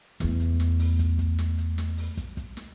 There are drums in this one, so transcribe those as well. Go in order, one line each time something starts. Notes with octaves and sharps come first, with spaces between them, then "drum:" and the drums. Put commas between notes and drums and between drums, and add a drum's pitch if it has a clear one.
E2 A3, drum: snare
drum: hi-hat
drum: snare
drum: open hi-hat
drum: kick, hi-hat
drum: kick, hi-hat
drum: snare
drum: hi-hat
drum: snare
drum: open hi-hat
drum: kick, hi-hat
drum: kick, hi-hat
drum: snare